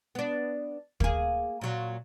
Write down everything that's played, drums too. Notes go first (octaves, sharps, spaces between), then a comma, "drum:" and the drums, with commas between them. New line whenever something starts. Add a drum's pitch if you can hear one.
B3 D4
A#3 G#4, drum: kick
A#2 F#3